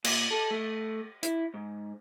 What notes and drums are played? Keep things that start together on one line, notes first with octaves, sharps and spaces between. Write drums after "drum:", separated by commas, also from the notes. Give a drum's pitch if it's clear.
A#2, drum: cymbal
A4
A3
E4, drum: hi-hat
G#2